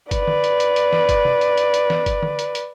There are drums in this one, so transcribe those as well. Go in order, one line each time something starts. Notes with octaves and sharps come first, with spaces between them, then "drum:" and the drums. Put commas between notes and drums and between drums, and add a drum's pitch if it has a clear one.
B4 D5, drum: kick G1, hi-hat
drum: tom D3
drum: hi-hat
drum: hi-hat
drum: hi-hat
drum: snare
drum: kick G1, hi-hat
drum: tom B2
drum: hi-hat
drum: hi-hat
drum: hi-hat
drum: snare
drum: kick G1, hi-hat
drum: tom D3
drum: hi-hat
drum: hi-hat